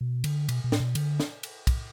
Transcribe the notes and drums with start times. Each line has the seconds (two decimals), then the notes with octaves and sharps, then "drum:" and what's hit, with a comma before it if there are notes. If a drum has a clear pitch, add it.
0.01 B2
0.24 D3, drum: cymbal
0.49 B2, drum: cymbal
0.64 B2
0.72 A2, drum: snare
0.80 B2
0.95 D3, drum: cymbal
1.20 drum: snare
1.43 drum: cymbal
1.67 drum: kick, cymbal